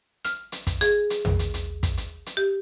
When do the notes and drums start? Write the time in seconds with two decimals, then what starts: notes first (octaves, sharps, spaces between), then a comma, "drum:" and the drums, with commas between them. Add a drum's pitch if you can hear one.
0.25 F6, drum: hi-hat
0.52 drum: hi-hat
0.67 drum: kick, hi-hat
0.81 G#4, drum: hi-hat
1.10 drum: hi-hat
1.25 drum: tom
1.39 drum: hi-hat
1.54 drum: hi-hat
1.83 drum: kick, hi-hat
1.97 drum: hi-hat
2.26 drum: hi-hat
2.37 G4